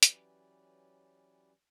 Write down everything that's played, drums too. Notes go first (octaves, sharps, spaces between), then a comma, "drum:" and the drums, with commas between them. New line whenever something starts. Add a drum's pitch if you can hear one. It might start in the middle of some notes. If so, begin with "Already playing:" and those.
E3 F#3 C#4 G4 B4 D5, drum: hi-hat